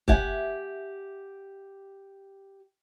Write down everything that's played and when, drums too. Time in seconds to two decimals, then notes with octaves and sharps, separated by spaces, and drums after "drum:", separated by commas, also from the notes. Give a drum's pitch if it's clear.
0.08 G4 E5 F#5 G#5, drum: kick